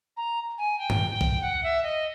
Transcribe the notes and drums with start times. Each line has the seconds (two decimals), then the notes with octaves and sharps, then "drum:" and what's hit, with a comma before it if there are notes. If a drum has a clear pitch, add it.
0.17 A#5
0.58 G#5
0.79 G5
0.90 drum: tom G2
1.10 G5
1.21 drum: kick
1.42 F#5
1.63 E5
1.83 D#5